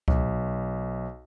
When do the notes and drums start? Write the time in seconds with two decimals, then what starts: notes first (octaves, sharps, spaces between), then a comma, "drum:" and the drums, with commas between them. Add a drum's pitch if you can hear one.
0.08 B1, drum: kick C#2